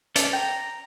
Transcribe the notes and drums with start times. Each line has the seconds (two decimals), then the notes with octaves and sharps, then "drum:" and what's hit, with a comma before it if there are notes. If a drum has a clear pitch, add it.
0.16 C#4 A4 D5, drum: hi-hat
0.33 G5 A#5